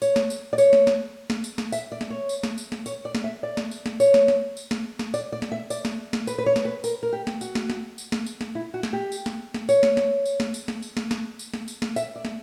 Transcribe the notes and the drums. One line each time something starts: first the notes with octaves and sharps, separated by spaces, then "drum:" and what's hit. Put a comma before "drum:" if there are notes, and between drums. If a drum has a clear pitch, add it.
C#5, drum: tambourine
drum: snare
drum: tambourine
D5
C#5, drum: tambourine
drum: snare
drum: snare
drum: snare
drum: tambourine
drum: snare
E5, drum: tambourine
D5
drum: snare
C#5
drum: tambourine
drum: snare
drum: tambourine
drum: snare
C#5, drum: tambourine
D5
drum: snare
E5
D5
drum: snare
drum: tambourine
drum: snare
C#5, drum: tambourine
drum: snare
drum: snare
drum: tambourine
drum: snare
drum: snare
D5, drum: tambourine
D5
drum: snare
E5
D5, drum: tambourine
drum: snare
drum: snare
B4, drum: tambourine
B4
C#5
drum: snare
B4
A#4, drum: tambourine
A#4
G4
drum: snare
F#4, drum: tambourine
drum: snare
drum: snare
drum: tambourine
drum: snare
drum: tambourine
drum: snare
E4
F#4
drum: snare
G4
drum: tambourine
drum: snare
drum: snare
C#5, drum: tambourine
drum: snare
drum: snare
drum: tambourine
drum: snare
drum: tambourine
drum: snare
drum: tambourine
drum: snare
drum: snare
drum: tambourine
drum: snare
drum: tambourine
drum: snare
E5, drum: tambourine
D5
drum: snare